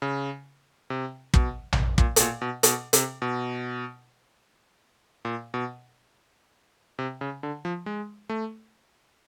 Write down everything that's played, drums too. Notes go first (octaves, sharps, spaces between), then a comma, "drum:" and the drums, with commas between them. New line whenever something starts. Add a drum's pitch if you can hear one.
C#3
C3
B2, drum: kick
drum: tom A#1
A#2, drum: kick
B2, drum: hi-hat
A#2
B2
B2, drum: hi-hat
C3, drum: hi-hat
B2
A#2
B2
C3
C#3
D3
F3
G#3
A3